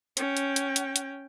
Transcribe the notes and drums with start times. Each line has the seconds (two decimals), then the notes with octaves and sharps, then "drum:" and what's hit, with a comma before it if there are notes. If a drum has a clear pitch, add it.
0.17 C#4 G5, drum: hi-hat
0.37 drum: hi-hat
0.56 drum: hi-hat
0.76 drum: hi-hat
0.96 drum: hi-hat